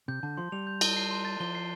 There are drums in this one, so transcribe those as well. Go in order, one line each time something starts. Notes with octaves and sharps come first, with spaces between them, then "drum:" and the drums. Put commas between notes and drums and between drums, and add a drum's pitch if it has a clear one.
C3 G6
D3 A5
F3 C6
G3 F7
G6
A5, drum: cymbal
C7
C6
A6
F3 G7
C7